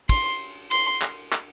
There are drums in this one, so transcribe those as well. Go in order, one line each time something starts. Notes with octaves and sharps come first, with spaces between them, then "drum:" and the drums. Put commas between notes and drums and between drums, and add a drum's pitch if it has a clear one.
C6, drum: kick, cymbal
C6, drum: cymbal
drum: clap
drum: clap